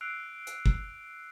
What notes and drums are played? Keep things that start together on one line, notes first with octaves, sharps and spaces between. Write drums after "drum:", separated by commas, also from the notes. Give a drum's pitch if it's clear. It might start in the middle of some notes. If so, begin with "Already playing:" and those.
E6 F#6 C7 D7 F7
drum: hi-hat
drum: kick